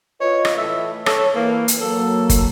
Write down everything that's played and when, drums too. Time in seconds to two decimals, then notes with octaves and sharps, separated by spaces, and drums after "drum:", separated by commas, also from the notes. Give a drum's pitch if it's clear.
0.21 F4 B4 C#5 D#5
0.45 drum: rim click
0.57 A2 E3 A3 E5
1.06 A4 C#5, drum: rim click
1.35 E3 A#3 B4
1.68 drum: hi-hat
1.81 F#3 A#3 A4
2.30 drum: kick, hi-hat